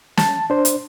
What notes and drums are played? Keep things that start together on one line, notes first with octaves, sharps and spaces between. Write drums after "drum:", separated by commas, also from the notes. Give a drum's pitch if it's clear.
A5, drum: snare
D4 C5
drum: hi-hat